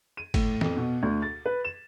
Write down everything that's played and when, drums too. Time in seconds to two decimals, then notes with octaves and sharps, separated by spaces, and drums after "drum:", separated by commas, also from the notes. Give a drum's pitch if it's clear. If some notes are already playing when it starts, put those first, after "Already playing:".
0.17 D#7
0.34 A2, drum: kick G1, cymbal
0.61 F2, drum: snare
0.77 B2
1.03 D2
1.22 A6
1.46 B4
1.65 E7